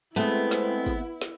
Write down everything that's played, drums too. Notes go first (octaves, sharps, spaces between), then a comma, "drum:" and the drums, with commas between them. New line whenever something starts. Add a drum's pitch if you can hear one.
G#3 A3 B3 C4 E4 G#4, drum: tambourine
drum: snare
drum: kick G#1, tambourine
drum: snare